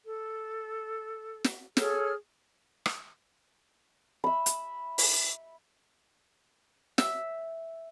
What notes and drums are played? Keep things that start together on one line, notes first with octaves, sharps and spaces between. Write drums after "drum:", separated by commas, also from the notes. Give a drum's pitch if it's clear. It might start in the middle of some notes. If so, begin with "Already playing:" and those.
A4
drum: snare
G#4 A4 C#5 F6, drum: snare
drum: rim click
E5 B5
drum: hi-hat
drum: open hi-hat
E5, drum: snare